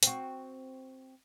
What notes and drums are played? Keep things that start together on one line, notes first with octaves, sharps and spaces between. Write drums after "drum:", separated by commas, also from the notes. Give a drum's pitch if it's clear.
C4 F#4, drum: hi-hat